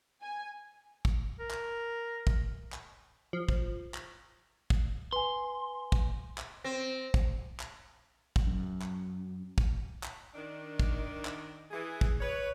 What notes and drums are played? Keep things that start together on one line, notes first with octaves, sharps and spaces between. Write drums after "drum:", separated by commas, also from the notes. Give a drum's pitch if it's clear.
G#5
drum: kick
A#4
drum: clap
drum: kick
drum: clap
F3
drum: kick
drum: clap
drum: kick
B4 G#5 C6
drum: kick
drum: clap
C4 A#6
drum: kick
drum: clap
drum: kick
F#2
drum: clap
drum: kick
drum: clap
D#3 D4
drum: kick
drum: clap
E3 G#4
drum: kick
B4 C#5